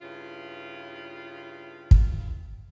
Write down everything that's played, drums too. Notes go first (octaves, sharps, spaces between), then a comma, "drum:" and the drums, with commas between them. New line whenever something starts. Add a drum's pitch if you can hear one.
G2 C#3 E4 F4
drum: kick